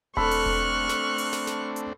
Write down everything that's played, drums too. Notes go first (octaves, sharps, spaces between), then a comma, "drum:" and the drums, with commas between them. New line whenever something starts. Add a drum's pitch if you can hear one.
A3 C4 D4 A4 B5 C#6 F6 F#6, drum: kick E1
drum: open hi-hat
drum: kick E1
drum: snare
drum: open hi-hat
drum: snare
drum: snare
drum: hi-hat